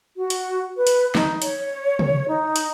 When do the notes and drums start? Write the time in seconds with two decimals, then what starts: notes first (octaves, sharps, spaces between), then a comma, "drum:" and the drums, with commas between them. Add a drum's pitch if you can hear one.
0.17 F#4
0.30 drum: hi-hat
0.77 B4
0.87 drum: hi-hat
1.15 D#4, drum: snare
1.42 C#5, drum: hi-hat
1.99 drum: tom
2.28 D#4
2.56 drum: hi-hat